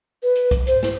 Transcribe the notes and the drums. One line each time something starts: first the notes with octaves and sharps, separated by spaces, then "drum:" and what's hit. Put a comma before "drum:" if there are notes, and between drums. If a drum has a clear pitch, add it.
B4
drum: hi-hat
drum: kick, hi-hat
C5, drum: hi-hat
drum: snare